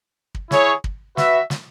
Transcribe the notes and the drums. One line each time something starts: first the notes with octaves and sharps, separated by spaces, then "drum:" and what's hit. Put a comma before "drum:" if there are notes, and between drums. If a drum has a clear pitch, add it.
drum: kick
E4 G#4 C#5, drum: snare
drum: kick
F#4 B4 E5, drum: snare
drum: snare